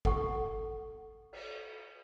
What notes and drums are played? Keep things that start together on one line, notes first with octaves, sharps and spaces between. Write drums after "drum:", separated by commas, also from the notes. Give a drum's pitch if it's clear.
A4 F#5 C#6, drum: kick
drum: cymbal